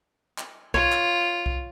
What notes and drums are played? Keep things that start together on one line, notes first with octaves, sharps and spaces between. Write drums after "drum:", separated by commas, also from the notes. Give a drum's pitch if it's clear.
drum: clap
F4 C#5, drum: kick B1
drum: clap
drum: kick B1